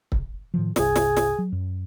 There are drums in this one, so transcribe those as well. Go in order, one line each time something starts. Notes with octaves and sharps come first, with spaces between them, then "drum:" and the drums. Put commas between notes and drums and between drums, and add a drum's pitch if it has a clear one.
drum: kick
A2 D#3 F3
G1 C2 G#4, drum: snare
drum: snare
drum: snare
F#3
F#2